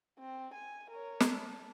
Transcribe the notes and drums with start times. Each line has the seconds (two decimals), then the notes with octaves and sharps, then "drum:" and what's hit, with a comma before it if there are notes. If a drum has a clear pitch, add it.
0.19 C4
0.54 G#5
0.90 A#4 C#5
1.20 drum: snare
1.31 A5